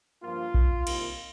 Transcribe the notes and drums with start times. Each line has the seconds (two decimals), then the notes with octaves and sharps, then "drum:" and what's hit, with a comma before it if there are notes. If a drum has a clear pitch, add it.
0.23 G2 F3 A#3 F4
0.54 drum: kick A#1
0.87 C2 C3 D#3 A#3, drum: cymbal